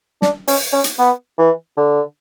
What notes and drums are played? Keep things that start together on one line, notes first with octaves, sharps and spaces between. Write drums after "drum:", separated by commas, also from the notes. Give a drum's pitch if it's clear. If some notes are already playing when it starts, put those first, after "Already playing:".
D4, drum: snare
C#4, drum: open hi-hat
C#4
drum: hi-hat
B3
E3
D3